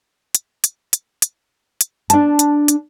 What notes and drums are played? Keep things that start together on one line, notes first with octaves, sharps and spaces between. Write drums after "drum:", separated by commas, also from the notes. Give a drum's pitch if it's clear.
drum: hi-hat
drum: hi-hat
drum: hi-hat
drum: hi-hat
drum: hi-hat
D4 A5, drum: hi-hat
drum: hi-hat
drum: hi-hat